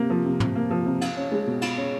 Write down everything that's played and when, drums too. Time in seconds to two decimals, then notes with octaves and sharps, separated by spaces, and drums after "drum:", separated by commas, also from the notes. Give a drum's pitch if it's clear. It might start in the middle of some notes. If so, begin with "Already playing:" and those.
Already playing: C3 A#3
0.10 F3
0.25 C3
0.40 C3, drum: tom
0.55 A#3
0.71 F3
0.86 C3
1.01 F4, drum: cymbal
1.16 C#4
1.31 G#3
1.47 B2
1.62 F4, drum: cymbal
1.78 C#4